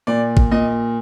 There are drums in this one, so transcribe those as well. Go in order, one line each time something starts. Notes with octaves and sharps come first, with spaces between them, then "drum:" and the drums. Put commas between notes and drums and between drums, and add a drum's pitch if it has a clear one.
A#2 D5
drum: kick A1
A#2 D#5